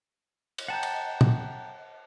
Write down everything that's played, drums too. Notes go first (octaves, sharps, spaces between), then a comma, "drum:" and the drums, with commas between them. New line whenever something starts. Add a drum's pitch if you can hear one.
drum: cymbal
F#5 G5 A5 A#5 G6
drum: cymbal
drum: tom